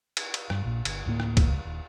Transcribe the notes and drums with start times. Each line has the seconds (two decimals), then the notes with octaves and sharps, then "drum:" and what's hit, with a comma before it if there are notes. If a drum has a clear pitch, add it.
0.17 drum: cymbal
0.34 drum: cymbal
0.50 G2, drum: rim click
0.64 A#1 A#2
0.85 G1, drum: cymbal
1.06 D2 A2 A#3
1.20 drum: rim click
1.37 drum: kick, cymbal
1.48 C#2
1.65 D#1